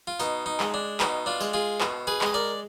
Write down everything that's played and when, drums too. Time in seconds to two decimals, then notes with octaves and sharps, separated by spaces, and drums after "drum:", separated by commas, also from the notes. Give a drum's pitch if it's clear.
0.07 F4
0.20 B2 D#4, drum: tambourine
0.46 D#4
0.60 G#3, drum: clap
0.74 D4
1.00 B2 D#4, drum: clap
1.26 D4 F4
1.40 G#3, drum: tambourine
1.53 F4 G#4
1.81 B2, drum: clap
2.07 G#4 B4
2.21 G#3 D#5, drum: clap
2.34 A#4 D5